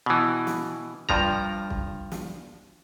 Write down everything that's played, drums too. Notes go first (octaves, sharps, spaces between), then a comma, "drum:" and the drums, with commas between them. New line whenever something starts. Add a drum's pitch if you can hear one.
B2 E3
drum: snare
G2 F3 A#5, drum: kick
drum: kick
drum: snare